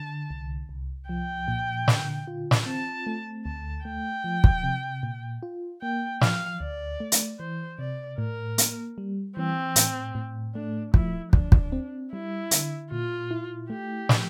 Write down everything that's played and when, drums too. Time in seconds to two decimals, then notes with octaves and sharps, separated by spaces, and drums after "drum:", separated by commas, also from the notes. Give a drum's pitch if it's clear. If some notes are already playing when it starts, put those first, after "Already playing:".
Already playing: D3 A5
0.30 C2
0.69 C2
1.09 F3 G5
1.48 A#2
1.88 D3, drum: snare
2.27 F4
2.51 drum: snare
2.66 C4 A5
3.07 A3
3.45 D2 A5
3.85 A3 G5
4.24 F3
4.44 drum: kick
4.63 C3
5.03 A#2
5.43 F4
5.82 A#3 G5
6.21 F3 F5, drum: snare
6.60 D2 D5
7.00 A3
7.12 drum: hi-hat
7.39 E3 C5
7.78 C3 D5
8.18 A2 A#4
8.58 A#3, drum: hi-hat
8.98 G3
9.37 E3 C4
9.76 A2, drum: hi-hat
10.15 A2
10.55 A3 D4
10.94 F3 E4, drum: kick
11.33 D2 D4, drum: kick
11.52 drum: kick
11.72 C4
12.13 G3 E4
12.51 D3, drum: hi-hat
12.91 A#2 F4
13.31 E4
13.69 A3 G4
14.09 F3, drum: snare